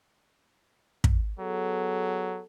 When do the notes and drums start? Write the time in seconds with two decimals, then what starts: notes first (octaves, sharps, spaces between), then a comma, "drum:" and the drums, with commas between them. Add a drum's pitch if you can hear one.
1.04 drum: kick
1.39 F#3 B3 G#4 A4